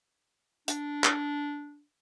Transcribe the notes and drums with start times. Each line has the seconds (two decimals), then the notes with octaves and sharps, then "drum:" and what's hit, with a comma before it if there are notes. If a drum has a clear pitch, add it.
0.68 D4, drum: hi-hat
1.04 drum: clap